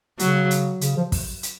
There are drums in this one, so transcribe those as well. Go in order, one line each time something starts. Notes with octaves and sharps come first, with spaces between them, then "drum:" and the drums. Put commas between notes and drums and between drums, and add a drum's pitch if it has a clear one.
C#3 F#3, drum: hi-hat
drum: hi-hat
C#3, drum: hi-hat
F3
drum: kick, open hi-hat
drum: hi-hat